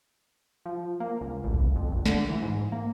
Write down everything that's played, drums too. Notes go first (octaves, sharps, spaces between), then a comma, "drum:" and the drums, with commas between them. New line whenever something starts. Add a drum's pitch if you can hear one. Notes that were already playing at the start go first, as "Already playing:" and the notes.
F3
A#3
C#2
A1
drum: kick B1
F2
A#1
D3, drum: snare
E3
G#2
A#3